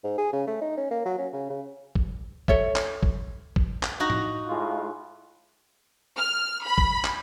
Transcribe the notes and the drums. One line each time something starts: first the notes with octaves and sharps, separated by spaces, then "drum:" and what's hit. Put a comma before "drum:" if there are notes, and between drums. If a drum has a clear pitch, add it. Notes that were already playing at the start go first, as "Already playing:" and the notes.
G#2
G#4
C#3
A3
D#4
C#4
A#3
F#3
C#4
C#3
C#3
drum: kick
A4 C#5 E5, drum: kick
drum: clap
drum: kick
drum: kick
drum: clap
D#4 F#4 A#5
drum: tom A2
A2 G#3 F4
F6
B5
drum: kick
drum: clap